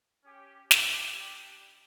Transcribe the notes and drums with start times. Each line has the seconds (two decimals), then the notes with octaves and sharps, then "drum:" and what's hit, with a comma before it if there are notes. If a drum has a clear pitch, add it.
0.24 C#4 G4
0.71 C#4 E4 G4, drum: snare
1.18 G3 D4 G4